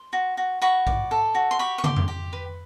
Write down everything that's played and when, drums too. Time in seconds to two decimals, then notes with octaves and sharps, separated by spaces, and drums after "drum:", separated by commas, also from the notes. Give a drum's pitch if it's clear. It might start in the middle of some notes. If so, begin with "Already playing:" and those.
Already playing: C6
0.13 F#4
0.37 F#4
0.62 F#4 B5 C#6
0.87 D5, drum: kick A#1
1.11 A4
1.35 F#4
1.51 C6
1.59 G4 B5 C#6
1.78 C#6
1.84 G4 C6 D6, drum: tom
1.97 drum: tom F2
2.08 G4
2.33 B4